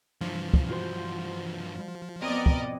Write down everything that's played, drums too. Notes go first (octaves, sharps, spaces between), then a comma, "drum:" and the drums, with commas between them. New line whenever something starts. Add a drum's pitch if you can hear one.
G2 E3 F3
drum: kick
F4 F#4 C5
F2 B3 A#4 D5 D#5
drum: kick